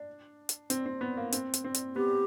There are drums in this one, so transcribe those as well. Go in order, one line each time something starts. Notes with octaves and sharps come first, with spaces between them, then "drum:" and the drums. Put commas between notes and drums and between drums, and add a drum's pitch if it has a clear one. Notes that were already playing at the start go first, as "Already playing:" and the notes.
Already playing: D4
drum: hi-hat
C4, drum: hi-hat
C4
B3
A#3
C4, drum: hi-hat
drum: hi-hat
C4
drum: hi-hat
B3 G4